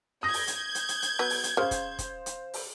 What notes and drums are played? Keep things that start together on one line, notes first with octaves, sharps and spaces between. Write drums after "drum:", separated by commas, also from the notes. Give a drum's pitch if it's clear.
D#6 G6 G#6 A#6
drum: open hi-hat
drum: hi-hat
drum: hi-hat
drum: hi-hat
drum: hi-hat
F#3 B3
drum: open hi-hat
drum: hi-hat
C#3 C5 F5
drum: kick, hi-hat
drum: kick, hi-hat
drum: hi-hat
drum: open hi-hat